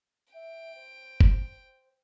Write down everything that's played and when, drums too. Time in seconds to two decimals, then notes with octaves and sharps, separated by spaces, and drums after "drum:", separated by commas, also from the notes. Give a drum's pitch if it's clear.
0.34 E5 G5
0.75 C5
1.21 drum: kick F#1